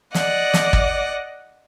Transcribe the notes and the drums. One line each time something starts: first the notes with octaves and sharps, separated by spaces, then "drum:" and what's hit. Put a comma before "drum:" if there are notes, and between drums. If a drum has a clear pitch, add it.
D5 D#5 F#5, drum: snare
drum: snare
drum: kick